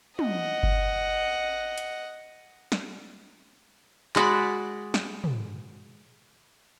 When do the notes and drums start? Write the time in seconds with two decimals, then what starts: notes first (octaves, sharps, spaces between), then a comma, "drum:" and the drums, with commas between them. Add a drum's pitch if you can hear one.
0.19 D#5 F#5, drum: tom
0.63 drum: kick G1
1.78 drum: hi-hat
2.72 drum: snare
4.16 G#3 F#4 D5 B5, drum: clap
4.94 drum: snare
5.24 drum: tom